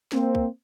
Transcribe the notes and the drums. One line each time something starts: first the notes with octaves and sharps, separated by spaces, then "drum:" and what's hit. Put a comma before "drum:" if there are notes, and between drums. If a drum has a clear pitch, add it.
A#3 C4, drum: snare
drum: kick